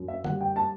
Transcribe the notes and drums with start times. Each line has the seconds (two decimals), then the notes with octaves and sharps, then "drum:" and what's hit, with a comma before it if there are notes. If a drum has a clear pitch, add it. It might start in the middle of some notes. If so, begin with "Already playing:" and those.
Already playing: F#2
0.08 E5
0.24 G3 F#5, drum: tom D3
0.41 G5
0.56 A5